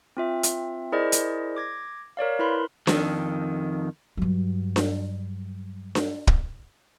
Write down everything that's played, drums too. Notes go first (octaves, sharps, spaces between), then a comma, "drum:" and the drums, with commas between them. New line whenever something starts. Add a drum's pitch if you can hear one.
C4 F4 E5
drum: hi-hat
E4 G#4 A#4 C5 D5 D#5
drum: hi-hat
D6 G#6 A#6
A#4 C#5 D5 F5
E4 A#4 B4 B5 C6
F2 D#3, drum: snare D4
G2 F#3
drum: snare D4
drum: snare D4
drum: kick